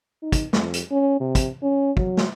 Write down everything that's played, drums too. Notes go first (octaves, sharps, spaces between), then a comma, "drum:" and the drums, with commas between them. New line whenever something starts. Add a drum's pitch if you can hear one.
D#4
drum: kick, hi-hat
F2, drum: snare
drum: hi-hat
C#4
C3
drum: kick, hi-hat
C#4
F#3, drum: kick
drum: snare